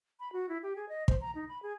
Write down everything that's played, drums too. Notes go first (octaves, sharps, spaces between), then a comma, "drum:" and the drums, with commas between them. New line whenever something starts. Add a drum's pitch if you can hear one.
B5
F#4
E4
G4
G#4
D#5
C5, drum: kick
A#5
D#4
B5
G#4